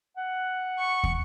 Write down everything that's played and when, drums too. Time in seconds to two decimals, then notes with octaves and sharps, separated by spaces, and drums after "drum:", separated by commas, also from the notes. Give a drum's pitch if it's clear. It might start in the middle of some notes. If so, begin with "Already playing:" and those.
0.17 F#5
0.79 C#6
1.04 drum: kick